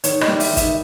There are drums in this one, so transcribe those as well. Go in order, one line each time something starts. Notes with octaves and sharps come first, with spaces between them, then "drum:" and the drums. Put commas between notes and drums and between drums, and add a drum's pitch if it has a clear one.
D#3 C#5, drum: hi-hat
D#5, drum: rim click
G3
E5, drum: open hi-hat
D#3
E5, drum: kick, hi-hat